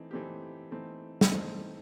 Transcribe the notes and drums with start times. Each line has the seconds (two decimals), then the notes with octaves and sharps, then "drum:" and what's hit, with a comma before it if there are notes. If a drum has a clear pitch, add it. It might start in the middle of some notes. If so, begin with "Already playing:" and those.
Already playing: E3 A3 C4 D#4
0.11 E3 A3 C4 D#4 G4
0.71 E3 A3 C4 D#4
1.21 drum: snare
1.30 E3 A3 C4 D#4